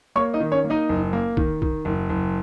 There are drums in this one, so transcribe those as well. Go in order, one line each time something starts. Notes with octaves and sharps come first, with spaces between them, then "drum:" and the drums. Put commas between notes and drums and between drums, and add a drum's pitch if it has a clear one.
A#3 C#5 C#6
D#4 D#5
D#3
C#4 C#5
A#3
D#4 D#5
F#1
A#3
D#3, drum: kick
D#3, drum: kick
F#1
F#1